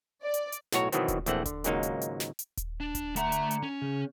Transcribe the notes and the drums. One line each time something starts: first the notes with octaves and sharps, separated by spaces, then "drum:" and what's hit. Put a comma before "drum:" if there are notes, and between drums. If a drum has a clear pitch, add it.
D5
drum: hi-hat
drum: hi-hat
B1 A2 F#4 C#5 A#5, drum: snare
B2 D#3 E3 F#3 B3 C4, drum: hi-hat
drum: kick D#1, hi-hat
A#1 E3 A3 C4 F#5, drum: hi-hat
D3, drum: kick D#1, hi-hat
G#1 C#2 G#2 F#3 A#3 D#4, drum: hi-hat
drum: hi-hat
drum: hi-hat
drum: snare
drum: hi-hat
drum: kick D#1, hi-hat
D4
drum: kick D#1, hi-hat
D3 A3 E5 F#5 A#5, drum: hi-hat
drum: hi-hat
drum: hi-hat
C#4
C#3